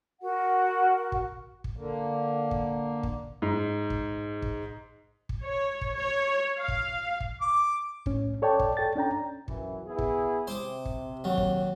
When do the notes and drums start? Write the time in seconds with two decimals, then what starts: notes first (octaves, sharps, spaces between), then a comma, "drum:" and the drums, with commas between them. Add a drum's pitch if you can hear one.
0.22 F#4 A#4 F#5
1.12 drum: kick
1.64 drum: kick
1.77 D3 A#3
2.51 drum: kick
3.03 drum: kick
3.42 G#2
3.90 drum: kick
4.42 drum: kick
5.29 drum: kick
5.42 C#5
5.81 drum: kick
5.95 C#5
6.59 F5
6.68 drum: kick
7.20 drum: kick
7.41 D6
8.06 C2 A2 C#4, drum: kick
8.42 A4 C#5 D5 G5 A5
8.59 drum: kick
8.77 A4 G5 A6
8.96 C#4 D4 G5 A#5
9.48 F#2 E3, drum: kick
9.86 B3 E4 G#4
9.99 drum: kick
10.47 C3 C5 D6 D#6
10.85 drum: kick
11.24 D#2 F#3
11.38 drum: kick